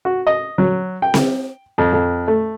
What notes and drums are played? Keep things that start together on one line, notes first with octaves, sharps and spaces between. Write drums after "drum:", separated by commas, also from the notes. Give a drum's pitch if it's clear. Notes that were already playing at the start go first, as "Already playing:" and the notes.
F#4
D#5
F#3
G5
drum: snare C4
F2
F2
A3